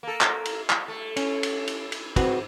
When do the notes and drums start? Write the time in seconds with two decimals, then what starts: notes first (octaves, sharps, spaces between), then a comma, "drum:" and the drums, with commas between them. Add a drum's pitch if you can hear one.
0.03 A#3 A4
0.21 drum: clap
0.45 drum: cymbal
0.70 drum: clap
0.88 A3
1.16 C#4, drum: cymbal
1.43 drum: cymbal
1.67 drum: cymbal
1.92 drum: cymbal
2.16 G#2 C4 F#4 B4, drum: kick, cymbal